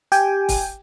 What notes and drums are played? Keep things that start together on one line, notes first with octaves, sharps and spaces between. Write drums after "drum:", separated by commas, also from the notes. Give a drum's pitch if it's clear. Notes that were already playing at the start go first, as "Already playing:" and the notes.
G4 G5 G#5, drum: hi-hat
drum: kick, open hi-hat